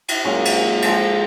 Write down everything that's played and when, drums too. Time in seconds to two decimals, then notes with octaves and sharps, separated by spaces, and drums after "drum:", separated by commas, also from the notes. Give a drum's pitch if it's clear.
0.08 drum: cymbal
0.25 F#2 A#2 G#3 F#4
0.45 drum: cymbal
0.82 F3 G#3 A4 F5, drum: cymbal